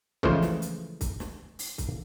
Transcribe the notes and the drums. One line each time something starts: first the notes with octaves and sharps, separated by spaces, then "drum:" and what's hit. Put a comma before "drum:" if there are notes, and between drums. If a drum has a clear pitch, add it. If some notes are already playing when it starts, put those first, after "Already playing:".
C#3 E3 F3 G#3 A3 C5, drum: kick C2
drum: snare
drum: hi-hat
drum: kick C2, hi-hat
drum: snare
drum: open hi-hat
drum: kick C2, hi-hat